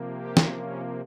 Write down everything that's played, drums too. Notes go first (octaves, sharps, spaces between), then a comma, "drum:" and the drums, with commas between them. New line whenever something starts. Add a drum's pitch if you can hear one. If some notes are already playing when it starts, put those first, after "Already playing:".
Already playing: C3 F3 A#3
G4
drum: snare
C#4